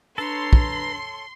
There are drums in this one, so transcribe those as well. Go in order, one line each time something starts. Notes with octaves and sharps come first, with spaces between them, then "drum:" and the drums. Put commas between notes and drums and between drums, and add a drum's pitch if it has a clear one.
D4 A4 B4 C#5 A#5 C6
drum: kick